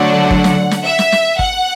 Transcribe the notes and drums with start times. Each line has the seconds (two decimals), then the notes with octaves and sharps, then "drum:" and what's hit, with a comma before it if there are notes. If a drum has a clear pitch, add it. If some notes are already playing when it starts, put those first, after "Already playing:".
Already playing: D3 F#3 A3 D4 F#5
0.31 drum: kick
0.44 drum: snare
0.71 drum: snare
0.85 E5
0.99 drum: snare
1.12 drum: snare
1.39 F#5, drum: kick